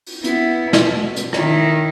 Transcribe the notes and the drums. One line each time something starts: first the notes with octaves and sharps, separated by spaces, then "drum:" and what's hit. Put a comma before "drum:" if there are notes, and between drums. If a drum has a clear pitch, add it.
drum: open hi-hat
B3 E4, drum: hi-hat
B2, drum: snare
drum: hi-hat
D#3 E4, drum: rim click